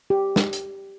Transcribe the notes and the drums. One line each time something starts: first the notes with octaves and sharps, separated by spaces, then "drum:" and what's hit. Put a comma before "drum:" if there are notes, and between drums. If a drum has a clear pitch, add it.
G4
drum: snare
drum: hi-hat